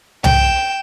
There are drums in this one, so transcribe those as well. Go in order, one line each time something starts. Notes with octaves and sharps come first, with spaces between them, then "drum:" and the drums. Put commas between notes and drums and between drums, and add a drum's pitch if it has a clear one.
G5 E7, drum: tom C2